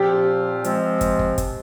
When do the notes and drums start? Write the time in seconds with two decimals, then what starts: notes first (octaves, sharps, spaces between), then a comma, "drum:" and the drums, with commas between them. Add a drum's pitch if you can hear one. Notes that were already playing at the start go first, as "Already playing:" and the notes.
Already playing: A#2 F3 C4 F4 G4
0.64 F3 G#3 C4, drum: hi-hat
1.01 drum: kick, hi-hat
1.19 drum: kick
1.38 drum: kick, hi-hat